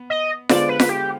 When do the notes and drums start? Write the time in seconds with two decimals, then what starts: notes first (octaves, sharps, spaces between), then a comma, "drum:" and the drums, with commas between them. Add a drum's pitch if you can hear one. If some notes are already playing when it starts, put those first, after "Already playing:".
Already playing: B3
0.10 D#5
0.49 D3 G#3 B3 F4 C5 D5, drum: snare F4
0.69 B4
0.80 drum: snare F4
0.89 G4